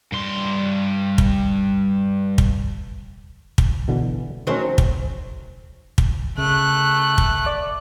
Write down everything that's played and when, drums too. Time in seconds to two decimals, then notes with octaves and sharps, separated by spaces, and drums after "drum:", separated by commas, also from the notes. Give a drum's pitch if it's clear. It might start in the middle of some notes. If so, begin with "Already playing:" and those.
0.12 G2 C6
1.18 drum: kick
2.38 drum: kick
3.58 drum: kick
3.88 B2 D3 E3
4.47 D#3 F#3 A3 C4 C#4
4.78 drum: kick
5.98 drum: kick
6.38 C#3 A3 F#6
7.18 drum: kick
7.46 D5 D6